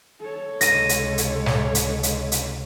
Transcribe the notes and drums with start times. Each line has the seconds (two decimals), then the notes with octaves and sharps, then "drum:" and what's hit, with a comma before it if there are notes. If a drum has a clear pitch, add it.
0.20 A4 C#5
0.61 C#2 C3 G#3 A#6 D#7, drum: hi-hat
0.89 drum: hi-hat
1.18 drum: hi-hat
1.46 drum: snare
1.75 drum: hi-hat
2.03 drum: hi-hat
2.32 drum: hi-hat